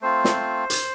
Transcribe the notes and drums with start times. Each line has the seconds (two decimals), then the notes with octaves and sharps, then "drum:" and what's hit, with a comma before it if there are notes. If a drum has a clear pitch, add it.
0.01 A3 C4 F4 C5
0.25 drum: snare
0.70 drum: hi-hat